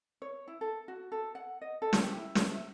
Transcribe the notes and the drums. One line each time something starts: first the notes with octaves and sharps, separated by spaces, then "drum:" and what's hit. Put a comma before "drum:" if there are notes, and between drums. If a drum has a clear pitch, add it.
C#5
E4
A4
F#4
A4
F#5
D#5
A4
drum: snare
G4
E4
drum: snare
E5